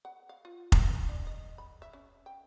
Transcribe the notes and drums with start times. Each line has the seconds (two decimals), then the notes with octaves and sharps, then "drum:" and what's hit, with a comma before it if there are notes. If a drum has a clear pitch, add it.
0.05 F#5
0.29 F5
0.45 F4
0.72 E4, drum: kick F1
1.09 D4
1.27 D#5
1.58 B5
1.82 E5
1.93 C#4
2.26 G5